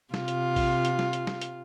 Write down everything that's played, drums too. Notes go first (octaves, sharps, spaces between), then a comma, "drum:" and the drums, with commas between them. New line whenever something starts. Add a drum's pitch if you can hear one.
C3 F4, drum: snare
drum: hi-hat
drum: kick A#1, open hi-hat
drum: hi-hat
drum: snare
drum: hi-hat
drum: snare
drum: hi-hat